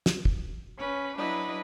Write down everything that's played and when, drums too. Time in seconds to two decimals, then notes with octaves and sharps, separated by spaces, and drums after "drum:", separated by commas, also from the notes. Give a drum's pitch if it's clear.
0.06 drum: snare
0.25 drum: kick
0.78 C#4 B4
1.16 F#3 D4 E4 B4 D#5